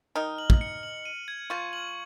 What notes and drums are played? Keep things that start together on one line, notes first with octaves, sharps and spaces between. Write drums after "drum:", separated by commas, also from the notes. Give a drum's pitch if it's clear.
D#3 D#4 F6
F#7
drum: kick
C#7
F#7
D#7
G#6
F3 F4 C#6
F#7